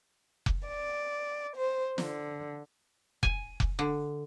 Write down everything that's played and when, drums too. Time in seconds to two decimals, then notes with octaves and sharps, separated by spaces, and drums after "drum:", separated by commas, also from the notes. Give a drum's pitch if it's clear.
0.46 drum: kick F1
0.67 D5
1.56 C5
1.98 D3, drum: snare
3.23 G#5, drum: kick F1
3.60 drum: kick F1
3.79 D3